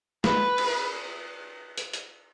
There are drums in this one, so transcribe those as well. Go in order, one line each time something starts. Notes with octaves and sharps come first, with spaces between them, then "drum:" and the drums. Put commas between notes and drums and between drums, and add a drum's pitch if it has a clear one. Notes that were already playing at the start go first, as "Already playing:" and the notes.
B4, drum: snare
drum: cymbal
drum: hi-hat
drum: hi-hat